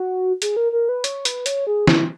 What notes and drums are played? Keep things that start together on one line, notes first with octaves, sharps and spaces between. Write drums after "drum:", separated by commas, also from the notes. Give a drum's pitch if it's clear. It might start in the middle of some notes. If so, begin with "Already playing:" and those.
Already playing: F#4
G#4, drum: hi-hat
A#4
A#4
B4
C#5, drum: hi-hat
B4, drum: hi-hat
C#5, drum: hi-hat
G#4
E4, drum: snare